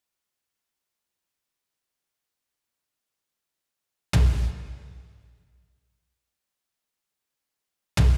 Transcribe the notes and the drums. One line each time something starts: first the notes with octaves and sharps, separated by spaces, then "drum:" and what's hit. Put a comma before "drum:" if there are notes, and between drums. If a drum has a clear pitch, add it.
E2
F4
G3
E4 C5 G5 B5
drum: tom
G3 A#3 E4
drum: tom